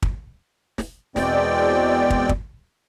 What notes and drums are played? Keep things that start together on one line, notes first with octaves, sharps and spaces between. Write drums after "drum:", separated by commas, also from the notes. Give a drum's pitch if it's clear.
drum: kick
drum: snare
E2 B2 G#3 C4 D5 G5, drum: snare
drum: kick
drum: kick